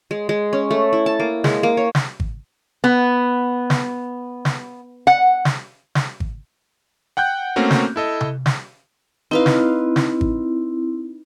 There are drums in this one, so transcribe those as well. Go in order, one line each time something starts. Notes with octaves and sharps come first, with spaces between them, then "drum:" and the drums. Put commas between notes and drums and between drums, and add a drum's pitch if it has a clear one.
G#3
G#3
C#4
A3
E4
A5
A#3
G#3, drum: snare
A#3
C#5
drum: snare
drum: kick G#1
B3
drum: snare
drum: snare
F#5
drum: snare
drum: snare
drum: kick G#1
F#5 G5 F#6 G6
A3 A#3 C4 C#4 F#4
drum: snare
E4 A4 D#5
drum: tom C3
drum: snare
C4 D#4 E4 B4 F5
drum: snare
drum: snare
drum: kick G#1